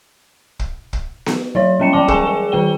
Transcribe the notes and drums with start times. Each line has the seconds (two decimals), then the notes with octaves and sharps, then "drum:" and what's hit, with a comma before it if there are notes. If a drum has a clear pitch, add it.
0.59 drum: kick
0.93 drum: kick
1.26 drum: snare B3
1.55 F#3 E4 C#5
1.80 G3 G#3 C#4 G5 C#7 E7
1.93 E3 D5 G5 A5 D6 G7
2.08 G#4 A#4 G#5 C#6 E7, drum: kick
2.27 G#4
2.52 D#3 D4 G5 G7